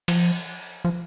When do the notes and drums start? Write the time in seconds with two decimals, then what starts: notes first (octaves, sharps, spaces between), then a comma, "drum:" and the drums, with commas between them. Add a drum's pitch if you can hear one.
0.08 F3, drum: cymbal
0.85 F3